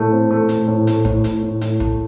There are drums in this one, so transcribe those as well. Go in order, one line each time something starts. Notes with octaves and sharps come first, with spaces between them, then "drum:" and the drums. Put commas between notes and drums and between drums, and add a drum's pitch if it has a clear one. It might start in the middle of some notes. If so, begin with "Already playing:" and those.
Already playing: A2 A3
C4
A3
A3, drum: hi-hat
A2
A3, drum: hi-hat
A2, drum: kick
A2, drum: hi-hat
A2
A2, drum: hi-hat
A3, drum: kick